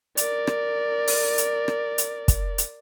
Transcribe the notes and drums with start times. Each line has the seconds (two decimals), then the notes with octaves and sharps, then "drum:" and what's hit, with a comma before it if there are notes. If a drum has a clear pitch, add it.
0.17 A#4 D5, drum: hi-hat
0.47 drum: rim click
1.08 drum: open hi-hat
1.38 drum: hi-hat
1.68 drum: rim click
1.98 drum: hi-hat
2.28 drum: kick, hi-hat
2.58 drum: hi-hat